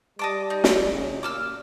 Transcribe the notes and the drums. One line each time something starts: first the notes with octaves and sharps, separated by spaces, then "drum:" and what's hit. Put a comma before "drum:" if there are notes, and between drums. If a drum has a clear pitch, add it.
G3 D#5 A5 D6
D#4
drum: snare
C#3
A#2 D6 E6 F6